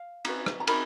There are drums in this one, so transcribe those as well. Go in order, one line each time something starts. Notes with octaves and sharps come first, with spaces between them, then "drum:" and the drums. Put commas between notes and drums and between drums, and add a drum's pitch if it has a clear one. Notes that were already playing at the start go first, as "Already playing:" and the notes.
Already playing: F5
D#4 F#4 B4, drum: cymbal
drum: rim click
A#5
D#4 F#4 A#4 B5, drum: cymbal